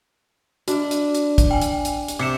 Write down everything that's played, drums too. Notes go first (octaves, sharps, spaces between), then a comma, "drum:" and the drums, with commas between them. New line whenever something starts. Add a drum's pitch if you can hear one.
D4 F#4, drum: hi-hat
drum: hi-hat
drum: hi-hat
drum: kick, hi-hat
G5 G#5
drum: hi-hat
drum: hi-hat
drum: hi-hat
C3 D6 C#7 E7